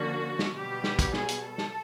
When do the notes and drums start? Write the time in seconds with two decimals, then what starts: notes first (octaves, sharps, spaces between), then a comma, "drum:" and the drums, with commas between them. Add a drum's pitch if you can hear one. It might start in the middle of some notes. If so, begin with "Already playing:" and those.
Already playing: D3 F3 A#3 C#4 F#4
0.39 drum: snare
0.53 B2 G3 B3 G4
0.84 drum: snare
0.99 drum: kick, hi-hat
1.13 G#4, drum: snare
1.28 drum: hi-hat
1.43 A4
1.58 drum: snare